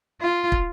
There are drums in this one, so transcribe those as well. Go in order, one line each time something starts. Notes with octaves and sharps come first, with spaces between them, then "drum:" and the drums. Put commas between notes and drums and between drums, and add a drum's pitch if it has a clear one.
F4
drum: kick